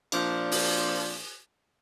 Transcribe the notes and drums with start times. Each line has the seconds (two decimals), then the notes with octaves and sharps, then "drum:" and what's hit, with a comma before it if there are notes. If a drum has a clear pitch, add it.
0.12 A#2 F3 C4 D4, drum: cymbal
0.51 drum: open hi-hat